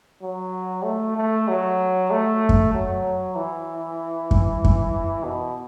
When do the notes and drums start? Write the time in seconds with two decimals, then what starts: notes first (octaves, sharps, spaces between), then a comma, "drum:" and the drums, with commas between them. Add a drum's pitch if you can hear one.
0.23 F#3
0.84 A3
1.16 A3
1.48 F#3
2.11 A3
2.49 drum: kick F#2
2.73 F#3
3.36 E3
4.31 drum: kick F#2
4.64 drum: kick F#2
5.24 B2